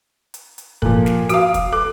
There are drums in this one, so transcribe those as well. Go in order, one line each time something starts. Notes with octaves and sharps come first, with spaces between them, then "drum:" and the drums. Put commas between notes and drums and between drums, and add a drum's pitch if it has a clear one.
drum: hi-hat
drum: hi-hat
A#2 F3 A4, drum: kick
drum: snare
F#4 F5 D#6, drum: hi-hat
drum: kick, hi-hat
A4 D6